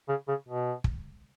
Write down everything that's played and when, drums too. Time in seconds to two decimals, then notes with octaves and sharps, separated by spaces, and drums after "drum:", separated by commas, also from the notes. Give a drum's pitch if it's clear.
0.09 C#3
0.28 C#3
0.48 B2
0.84 drum: kick